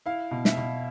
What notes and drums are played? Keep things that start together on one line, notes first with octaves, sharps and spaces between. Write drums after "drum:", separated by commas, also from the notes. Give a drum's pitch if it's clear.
E4 F5
B2
E5, drum: snare
B2